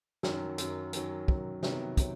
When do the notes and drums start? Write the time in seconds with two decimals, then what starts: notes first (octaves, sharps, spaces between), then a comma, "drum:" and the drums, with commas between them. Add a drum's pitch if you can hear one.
0.23 F#2 D#3 F#3, drum: snare
0.58 F#2 D#3 F#3, drum: hi-hat
0.93 F#2 D#3 F#3, drum: hi-hat
1.28 F#2 D#3 F#3, drum: kick
1.63 C3 D#3 F#3 B3, drum: snare
1.97 C3 D#3 F#3, drum: kick, hi-hat